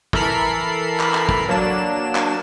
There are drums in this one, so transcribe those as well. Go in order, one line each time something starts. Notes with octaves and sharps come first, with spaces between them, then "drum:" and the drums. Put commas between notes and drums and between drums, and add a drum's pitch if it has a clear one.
E3 A4 A#4 B5 C7, drum: kick
drum: clap
drum: clap
drum: kick
F#3 A#3 D4 E7
drum: clap